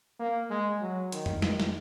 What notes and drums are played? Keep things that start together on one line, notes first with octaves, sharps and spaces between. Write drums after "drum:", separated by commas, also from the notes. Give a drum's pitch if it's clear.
A#3
G#3
F#3
D#3, drum: hi-hat
drum: tom F2
D#3, drum: snare
drum: snare